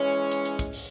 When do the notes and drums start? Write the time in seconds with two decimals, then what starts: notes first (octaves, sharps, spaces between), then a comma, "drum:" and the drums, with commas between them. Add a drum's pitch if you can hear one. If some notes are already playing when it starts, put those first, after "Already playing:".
Already playing: E3 G#3 C#4
0.31 drum: hi-hat
0.45 drum: hi-hat
0.59 drum: kick, hi-hat
0.73 drum: open hi-hat